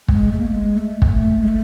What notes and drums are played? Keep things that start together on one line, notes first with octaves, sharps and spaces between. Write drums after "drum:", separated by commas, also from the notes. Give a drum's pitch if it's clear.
G#3, drum: kick
A3
A#3
A3
G#3
A3
A3, drum: kick
G#3
A3